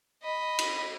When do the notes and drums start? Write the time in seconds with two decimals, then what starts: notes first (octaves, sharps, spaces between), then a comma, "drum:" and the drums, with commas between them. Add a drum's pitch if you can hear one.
0.23 D#5 B5
0.59 drum: cymbal